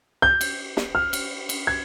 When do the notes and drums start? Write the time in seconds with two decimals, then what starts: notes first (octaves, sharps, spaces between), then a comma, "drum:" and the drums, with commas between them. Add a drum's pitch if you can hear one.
0.22 G6
0.41 drum: cymbal
0.77 drum: snare
0.95 F6
1.13 drum: cymbal
1.49 drum: cymbal
1.67 G#6